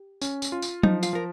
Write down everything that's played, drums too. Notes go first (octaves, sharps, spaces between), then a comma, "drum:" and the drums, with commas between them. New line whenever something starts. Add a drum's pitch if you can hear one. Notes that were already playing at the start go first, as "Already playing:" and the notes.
Already playing: G4
C#4, drum: tambourine
drum: tambourine
F4
drum: tambourine
F3 D#4, drum: tom F#3
F4, drum: tambourine
F3 A#4